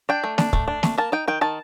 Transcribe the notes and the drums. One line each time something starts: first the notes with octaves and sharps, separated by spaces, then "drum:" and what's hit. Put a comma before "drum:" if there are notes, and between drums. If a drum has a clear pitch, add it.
D4 G5
A3
D4, drum: snare
A3, drum: kick
D4
A3, drum: snare
A#3 A5
D#4 G5
D#3 G5
D#3 A5